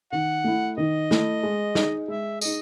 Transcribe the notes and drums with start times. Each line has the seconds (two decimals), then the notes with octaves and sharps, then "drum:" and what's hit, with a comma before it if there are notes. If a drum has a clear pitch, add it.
0.12 D#3 F#5
0.44 A3 E4
0.78 D#3 D#5
1.11 A3 E4, drum: snare
1.43 G#3
1.75 D#4 G#4, drum: snare
2.08 G#3 E5
2.41 D#4 G#4 D#5, drum: tambourine